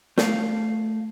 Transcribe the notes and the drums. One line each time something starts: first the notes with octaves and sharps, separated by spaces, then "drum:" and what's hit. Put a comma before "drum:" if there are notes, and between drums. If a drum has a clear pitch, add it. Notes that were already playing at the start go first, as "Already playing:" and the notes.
A3 F5, drum: snare